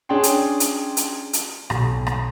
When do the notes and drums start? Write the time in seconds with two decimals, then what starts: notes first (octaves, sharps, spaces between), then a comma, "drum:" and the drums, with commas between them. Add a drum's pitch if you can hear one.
0.09 C#4 D4 G#4 C#5 G5 C6
0.23 drum: hi-hat
0.60 drum: hi-hat
0.97 drum: hi-hat
1.33 drum: hi-hat
1.70 B1, drum: rim click
2.07 drum: rim click